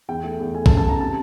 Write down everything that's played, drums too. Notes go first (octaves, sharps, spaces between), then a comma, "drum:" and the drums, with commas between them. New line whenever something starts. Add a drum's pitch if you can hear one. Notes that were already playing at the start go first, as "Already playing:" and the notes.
E2 G5
A3
E2
A3 G#5
A5, drum: kick
C#3
A5
C#3 A#5
C3 A5